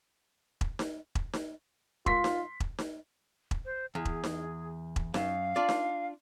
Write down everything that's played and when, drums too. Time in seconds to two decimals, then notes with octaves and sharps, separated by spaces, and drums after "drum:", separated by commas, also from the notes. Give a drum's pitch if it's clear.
0.61 drum: kick E1
0.79 drum: snare D#4
1.15 drum: kick E1
1.33 drum: snare D#4
2.06 F4 C6 B6, drum: kick E1
2.24 drum: snare D#4
2.60 drum: kick E1
2.78 drum: snare D#4
3.51 drum: kick E1
3.65 C5
3.95 E2 G#4
4.05 drum: kick E1
4.24 drum: snare D#4
4.96 drum: kick E1
5.14 F#2 F5, drum: snare D#4
5.56 D4 F4 D5
5.69 drum: snare D#4